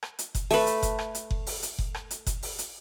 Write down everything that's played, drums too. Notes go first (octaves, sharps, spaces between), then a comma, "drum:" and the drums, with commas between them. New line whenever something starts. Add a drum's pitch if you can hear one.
drum: rim click
drum: hi-hat
drum: kick F#1, hi-hat
A3 B4, drum: open hi-hat
drum: hi-hat
drum: kick F#1, hi-hat
drum: rim click
drum: hi-hat
drum: kick F#1
drum: open hi-hat
drum: hi-hat
drum: kick F#1
drum: rim click
drum: hi-hat
drum: kick F#1, hi-hat
drum: open hi-hat
drum: hi-hat